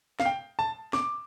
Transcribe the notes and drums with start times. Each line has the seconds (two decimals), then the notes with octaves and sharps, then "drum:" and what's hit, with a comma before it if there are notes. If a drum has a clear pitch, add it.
0.20 F5, drum: snare
0.25 G5
0.59 A5
0.93 D6, drum: snare